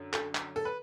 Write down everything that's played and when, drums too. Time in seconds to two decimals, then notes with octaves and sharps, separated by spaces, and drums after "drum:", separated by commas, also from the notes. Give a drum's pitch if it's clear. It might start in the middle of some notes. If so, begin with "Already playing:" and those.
Already playing: F#2 D3
0.13 A4, drum: clap
0.35 drum: clap
0.56 A4
0.65 B4